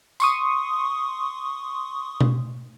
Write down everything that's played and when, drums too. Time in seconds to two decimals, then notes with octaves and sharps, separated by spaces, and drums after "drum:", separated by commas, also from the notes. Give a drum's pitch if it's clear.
0.20 C6 C#6 D#6, drum: tambourine
2.20 drum: tom B2